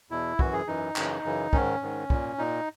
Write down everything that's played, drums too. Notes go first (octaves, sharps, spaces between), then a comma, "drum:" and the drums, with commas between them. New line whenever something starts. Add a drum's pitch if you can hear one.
E2 B2 E4
F#2 E3 F#4, drum: kick
G#4
F#2 E3 D#4
F#2 C#3 E3, drum: clap
F#2 C#3 E3
G#2 D#3 C#4, drum: kick
G#2 D#3
A#2, drum: kick
A#2 D#4